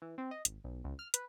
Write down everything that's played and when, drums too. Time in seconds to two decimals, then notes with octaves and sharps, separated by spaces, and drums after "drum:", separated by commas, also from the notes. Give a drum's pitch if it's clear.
0.02 E3
0.18 C4
0.31 D#5
0.45 G#1, drum: hi-hat
0.64 B1
0.84 C#2
0.99 F6
1.14 B4, drum: hi-hat